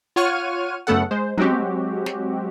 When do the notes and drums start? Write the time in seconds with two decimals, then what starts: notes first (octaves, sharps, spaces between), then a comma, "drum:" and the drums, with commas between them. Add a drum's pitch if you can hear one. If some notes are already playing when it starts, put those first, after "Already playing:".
0.16 F4 C#5 F#5 C#6 F6 D#7
0.87 F#2 C#3 A3 B3 A4 F#5
1.11 G#3 C5
1.38 F#3 G#3 C4 F#4 G4, drum: tom
2.06 drum: snare